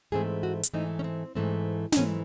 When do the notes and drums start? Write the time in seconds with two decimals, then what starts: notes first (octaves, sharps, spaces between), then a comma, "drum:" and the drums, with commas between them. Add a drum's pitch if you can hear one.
0.12 G#2 E3 A3 C4 G#4
0.43 F#4
0.63 drum: hi-hat
0.73 G#2 E3 A3 C4 D#4
0.99 C#4
1.04 C4
1.35 G#2 E3 A3 C4
1.92 D#4, drum: snare
1.96 G#2 E3 A3 C4 C#4